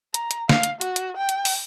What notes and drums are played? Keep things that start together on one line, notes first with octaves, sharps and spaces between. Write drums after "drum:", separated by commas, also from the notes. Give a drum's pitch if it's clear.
A#5, drum: hi-hat
drum: hi-hat
F5, drum: snare
drum: hi-hat
F#4, drum: hi-hat
drum: hi-hat
G5
drum: hi-hat
drum: open hi-hat